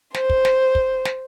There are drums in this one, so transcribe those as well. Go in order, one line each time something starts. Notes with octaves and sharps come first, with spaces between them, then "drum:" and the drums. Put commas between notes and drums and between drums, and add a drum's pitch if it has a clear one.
C5, drum: snare
drum: kick
drum: snare
drum: kick
drum: snare